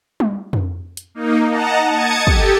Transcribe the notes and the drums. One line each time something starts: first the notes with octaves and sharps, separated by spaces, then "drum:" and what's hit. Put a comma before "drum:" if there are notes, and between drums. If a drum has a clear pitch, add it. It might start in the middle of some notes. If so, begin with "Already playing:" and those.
drum: tom G3
drum: tom F2
drum: hi-hat
A#3 D#4
D#5 F#5 A5 A#5
A5 D#6 G#6 A6 C#7
G4 A4, drum: kick